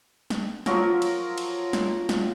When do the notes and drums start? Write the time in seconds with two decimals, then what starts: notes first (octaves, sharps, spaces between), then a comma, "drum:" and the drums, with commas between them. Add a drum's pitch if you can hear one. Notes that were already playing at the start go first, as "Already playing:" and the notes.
0.30 drum: snare
0.66 F3 F#3 A#4, drum: snare
1.02 drum: cymbal
1.38 drum: cymbal
1.73 drum: snare
2.09 drum: snare